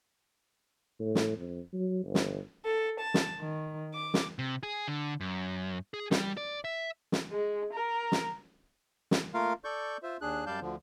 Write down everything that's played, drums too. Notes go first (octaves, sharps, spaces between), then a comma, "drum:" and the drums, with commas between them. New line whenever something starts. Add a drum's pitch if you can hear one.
A2
drum: snare
F2
F#3
G1
drum: snare
A4
A5
drum: snare
D#3
D6
drum: snare
C3
G#4
D3
F#2
G#4
G3, drum: snare
D5
E5
drum: snare
G#3
A#4
drum: snare
drum: snare
A3 A#3 F4 A#4 F5
A4 D5 C#6 G6
F4 C5 E5
D#2 D4 G#4 F#6
F#2 G3 D5 F5 A5 G6
D2 D3 F3